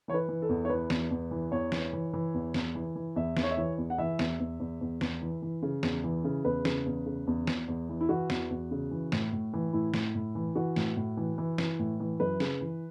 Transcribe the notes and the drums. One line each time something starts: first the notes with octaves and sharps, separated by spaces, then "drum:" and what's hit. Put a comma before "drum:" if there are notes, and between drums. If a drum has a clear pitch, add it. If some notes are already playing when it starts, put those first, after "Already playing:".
E3 C#5
B4
E3
A4
E2
C#5
E3 B4
E2, drum: snare
E2
E3
E2 C#5
E3, drum: snare
E3
E3
E2
E2, drum: snare
E3
E3
E2 E5
E2, drum: snare
C#5
E5
E3 C#5
E2
F#5
E3 E5
E2, drum: snare
E2
E2
E2
E2, drum: snare
E3
E3
C#3
E2, drum: snare
E3
C#3
E2 B4
C#3, drum: snare
E2
C#3
E2
E2, drum: snare
E2
E3
E4
E3 F#4
E2, drum: snare
E2
C#3
E3
A2, drum: snare
A2
E3
A2 E4
A2, drum: snare
A2
E3
E3 F#4
A2, drum: snare
A2
E3
E3
E3, drum: snare
A2
E3
F#2 B4
C#3, drum: snare
E3